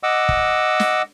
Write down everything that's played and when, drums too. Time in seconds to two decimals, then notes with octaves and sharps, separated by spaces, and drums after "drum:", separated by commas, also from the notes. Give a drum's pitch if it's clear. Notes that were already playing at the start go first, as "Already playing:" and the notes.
0.03 D#5 F#5 D6 E6
0.29 drum: kick
0.80 drum: snare